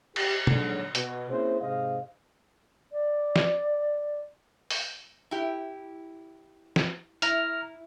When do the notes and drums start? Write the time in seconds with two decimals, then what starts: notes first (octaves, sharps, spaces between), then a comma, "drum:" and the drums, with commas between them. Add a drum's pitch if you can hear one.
0.16 G4, drum: cymbal
0.47 A#1 G#2 D3 F#3, drum: tom
0.95 B2, drum: hi-hat
1.30 A#3 C4 C#4 E4 G#4 C5
1.61 G#2 C3 G#4 C5 D#5 F5
2.92 D5
3.36 drum: snare
4.70 drum: open hi-hat
5.31 E4 G4
6.76 drum: snare
7.22 E4 A#5 F6, drum: hi-hat